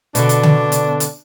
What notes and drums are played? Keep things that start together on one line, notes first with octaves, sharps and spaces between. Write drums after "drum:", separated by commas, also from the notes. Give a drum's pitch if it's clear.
B2 D3 D4, drum: hi-hat
drum: hi-hat
drum: tom C#3
drum: hi-hat
drum: hi-hat